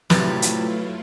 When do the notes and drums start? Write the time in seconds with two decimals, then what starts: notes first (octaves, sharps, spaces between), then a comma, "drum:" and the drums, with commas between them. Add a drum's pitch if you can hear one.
0.10 A2 C3 F#3 G3 A3 E4 F4 B4, drum: snare
0.42 drum: hi-hat